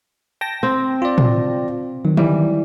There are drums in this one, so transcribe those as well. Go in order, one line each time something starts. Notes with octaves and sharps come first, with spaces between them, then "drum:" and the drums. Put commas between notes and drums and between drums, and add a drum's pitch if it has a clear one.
G5 A5 A#6
C4
F4 D5
drum: tom
D#3 F#3
E3 G3, drum: tom